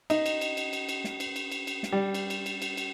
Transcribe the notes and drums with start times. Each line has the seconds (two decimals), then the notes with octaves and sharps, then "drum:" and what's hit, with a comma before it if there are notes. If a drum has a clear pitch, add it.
0.10 D#4, drum: cymbal
0.26 drum: cymbal
0.41 drum: cymbal
0.57 drum: cymbal
0.73 drum: cymbal
0.89 drum: cymbal
1.04 drum: snare
1.20 drum: cymbal
1.36 drum: cymbal
1.52 drum: cymbal
1.67 drum: cymbal
1.83 drum: snare
1.93 G3
2.14 drum: cymbal
2.30 drum: cymbal
2.46 drum: cymbal
2.62 drum: cymbal
2.77 drum: cymbal